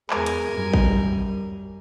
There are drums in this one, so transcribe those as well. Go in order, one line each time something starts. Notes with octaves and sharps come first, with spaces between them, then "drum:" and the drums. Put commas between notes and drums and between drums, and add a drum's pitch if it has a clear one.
E2 G#3 A#4 G#5, drum: clap
drum: hi-hat
F#2 G3
drum: kick